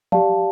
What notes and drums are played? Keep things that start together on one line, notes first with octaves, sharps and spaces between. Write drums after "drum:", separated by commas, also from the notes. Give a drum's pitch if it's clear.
G4 D5 F5 A5, drum: tom F3